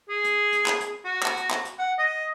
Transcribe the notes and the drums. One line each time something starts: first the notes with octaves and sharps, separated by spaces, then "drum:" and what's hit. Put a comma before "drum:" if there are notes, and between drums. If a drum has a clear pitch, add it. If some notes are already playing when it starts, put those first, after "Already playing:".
G#4
drum: hi-hat
drum: hi-hat
drum: clap
drum: hi-hat
F#4
drum: clap
drum: hi-hat
drum: clap
drum: hi-hat
F#5
D#5